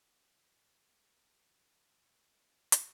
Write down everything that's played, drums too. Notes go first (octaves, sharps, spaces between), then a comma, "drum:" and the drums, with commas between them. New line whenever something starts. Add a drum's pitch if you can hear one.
F#5 G5 G#6
G3 C4
F#6
drum: hi-hat